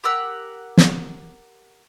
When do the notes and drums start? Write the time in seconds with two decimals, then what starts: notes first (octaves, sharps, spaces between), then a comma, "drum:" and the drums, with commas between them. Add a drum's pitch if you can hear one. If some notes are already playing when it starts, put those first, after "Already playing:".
0.04 G4 A#4 F#5 E6
0.77 drum: snare